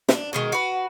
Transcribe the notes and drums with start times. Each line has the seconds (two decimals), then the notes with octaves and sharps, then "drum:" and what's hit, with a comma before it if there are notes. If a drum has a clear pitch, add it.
0.09 D4, drum: snare
0.33 B2 D#3 G#3
0.52 F#4 B4